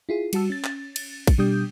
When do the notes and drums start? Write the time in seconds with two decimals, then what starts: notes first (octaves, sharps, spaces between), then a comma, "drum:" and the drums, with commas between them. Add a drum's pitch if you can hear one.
0.09 E4 F4 G#4
0.33 G3 F#4 A5 E6, drum: cymbal
0.50 C#4 A6
0.64 drum: clap
0.96 drum: cymbal
1.27 drum: kick, cymbal
1.38 B2 G3 D4 G4 D#6 G6